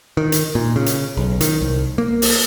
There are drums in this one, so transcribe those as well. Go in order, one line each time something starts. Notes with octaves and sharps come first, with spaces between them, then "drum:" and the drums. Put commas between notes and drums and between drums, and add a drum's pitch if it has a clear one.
D#3
drum: hi-hat
A#2
C#3
drum: hi-hat
B1
D#3, drum: hi-hat
C2
A#3
drum: open hi-hat